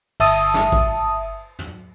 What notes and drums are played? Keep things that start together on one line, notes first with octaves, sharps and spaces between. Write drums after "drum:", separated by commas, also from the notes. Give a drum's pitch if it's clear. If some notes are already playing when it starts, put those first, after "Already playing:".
G1 E5 A5 D#6, drum: cymbal
drum: snare
drum: kick A1
drum: tom